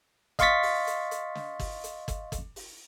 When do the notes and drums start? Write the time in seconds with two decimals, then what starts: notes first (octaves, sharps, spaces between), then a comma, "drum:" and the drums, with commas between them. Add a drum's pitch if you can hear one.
0.39 D#5 F5 C6 C#6 A6 B6, drum: kick, hi-hat
0.63 drum: open hi-hat
0.87 drum: hi-hat
1.11 drum: hi-hat
1.35 drum: snare
1.60 drum: kick, open hi-hat
1.84 drum: hi-hat
2.08 drum: kick, hi-hat
2.32 drum: kick, hi-hat
2.56 drum: open hi-hat